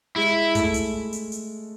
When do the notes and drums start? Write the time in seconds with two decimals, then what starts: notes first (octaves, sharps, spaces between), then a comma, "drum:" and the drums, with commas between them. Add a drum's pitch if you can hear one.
0.16 G#3 E4
0.55 A3, drum: kick, hi-hat
0.74 drum: hi-hat
1.13 drum: hi-hat
1.32 drum: hi-hat